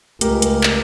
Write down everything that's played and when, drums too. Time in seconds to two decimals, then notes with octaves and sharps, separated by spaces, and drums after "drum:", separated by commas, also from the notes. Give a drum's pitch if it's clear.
0.21 C#2 A3 G4 A#4, drum: hi-hat
0.42 drum: hi-hat
0.63 drum: clap